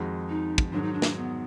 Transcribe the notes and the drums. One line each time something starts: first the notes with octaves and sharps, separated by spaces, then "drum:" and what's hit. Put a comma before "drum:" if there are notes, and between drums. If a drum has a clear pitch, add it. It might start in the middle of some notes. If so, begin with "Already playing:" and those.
Already playing: F2 D#3 G#3 D#4 F#4
D#4
drum: kick
G#2 D#3 F#3 D4
D#4
D4
drum: snare
B3